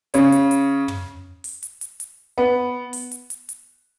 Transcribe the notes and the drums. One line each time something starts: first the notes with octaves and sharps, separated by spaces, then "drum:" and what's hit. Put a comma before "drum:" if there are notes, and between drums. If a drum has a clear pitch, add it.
C#3 C#4, drum: hi-hat
drum: hi-hat
drum: hi-hat
drum: tom
drum: open hi-hat
drum: hi-hat
drum: hi-hat
drum: hi-hat
B3
drum: open hi-hat
drum: hi-hat
drum: hi-hat
drum: hi-hat